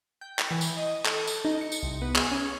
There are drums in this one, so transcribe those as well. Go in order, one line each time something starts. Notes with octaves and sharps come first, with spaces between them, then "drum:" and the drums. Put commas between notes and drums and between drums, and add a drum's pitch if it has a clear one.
G5
drum: clap
E3
drum: tambourine
D#5
A4, drum: clap
drum: tambourine
D#4
C#7
drum: tambourine
C2
B3
G#4, drum: clap
C#4